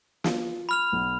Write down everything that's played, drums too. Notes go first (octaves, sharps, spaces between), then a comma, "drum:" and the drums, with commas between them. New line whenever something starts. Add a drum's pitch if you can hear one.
F4, drum: snare
B5 F6 F7
B1